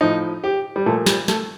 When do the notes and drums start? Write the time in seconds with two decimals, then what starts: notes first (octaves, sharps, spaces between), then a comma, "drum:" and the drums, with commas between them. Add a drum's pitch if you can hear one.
0.01 A2 F3 D#4
0.44 G4
0.76 G3
0.86 A#2 F3 A3
1.06 G3, drum: snare
1.28 A3, drum: snare